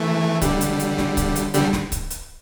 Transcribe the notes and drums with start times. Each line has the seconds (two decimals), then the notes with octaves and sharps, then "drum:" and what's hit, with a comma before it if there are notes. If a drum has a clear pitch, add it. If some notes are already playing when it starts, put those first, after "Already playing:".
Already playing: E3 A3
0.42 D3 G3, drum: kick C#1, hi-hat
0.61 drum: hi-hat
0.80 drum: hi-hat
0.98 drum: snare
1.17 drum: kick C#1, hi-hat
1.36 drum: hi-hat
1.54 D3 G3, drum: hi-hat
1.73 drum: snare
1.92 drum: kick C#1, hi-hat
2.11 drum: hi-hat